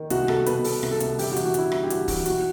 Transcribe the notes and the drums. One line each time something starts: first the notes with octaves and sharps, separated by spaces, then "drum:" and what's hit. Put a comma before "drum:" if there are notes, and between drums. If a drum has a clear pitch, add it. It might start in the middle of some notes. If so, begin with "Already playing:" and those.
Already playing: D#3
C2 F#4, drum: hi-hat
C2 A4, drum: rim click
B2 B4, drum: hi-hat
B2 A4, drum: open hi-hat
C2, drum: rim click
A4
C2, drum: hi-hat
G1 G4, drum: open hi-hat
F#4
E3, drum: hi-hat
F#4
G1 E4, drum: hi-hat
G2 E4, drum: rim click
G4
G1 F#4, drum: hi-hat
E3 F#4, drum: kick, open hi-hat
B1 F#4, drum: hi-hat